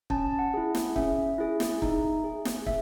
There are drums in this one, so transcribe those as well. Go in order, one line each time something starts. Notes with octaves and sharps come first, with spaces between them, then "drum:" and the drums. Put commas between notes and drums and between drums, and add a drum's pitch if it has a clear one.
C#4 A5, drum: kick
F#5
E4 G#4
drum: snare
C#4 E5, drum: kick
E4 G#4
drum: snare
D#4, drum: kick
G#4
drum: snare
E5, drum: kick